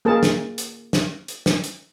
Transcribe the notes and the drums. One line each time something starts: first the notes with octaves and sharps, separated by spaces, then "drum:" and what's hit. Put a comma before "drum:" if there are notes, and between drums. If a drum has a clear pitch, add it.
A#3 G#4 A#4 A5
drum: snare
drum: hi-hat
drum: snare
drum: hi-hat
drum: snare
drum: hi-hat